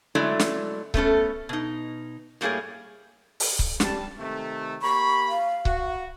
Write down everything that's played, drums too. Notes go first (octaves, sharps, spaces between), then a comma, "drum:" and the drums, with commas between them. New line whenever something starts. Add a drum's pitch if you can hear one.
D3 F#3 G#3 A3 E4 D5
drum: snare
A3 B3 C#4 A4, drum: kick C#1
B2 D#4
A2 G3 A#3 D4 G#4 C#5
drum: open hi-hat
drum: kick C#1
G3 A5, drum: snare
C3 D#3 A3
A#3 G4 B5 C#6
F5
F#4, drum: kick C#1